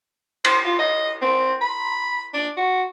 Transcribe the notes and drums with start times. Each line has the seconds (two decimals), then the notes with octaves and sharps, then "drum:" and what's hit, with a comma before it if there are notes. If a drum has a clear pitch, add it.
0.45 C5, drum: cymbal
0.65 F4
0.79 D#5
1.22 C4
1.61 B5
2.34 D4
2.57 F#4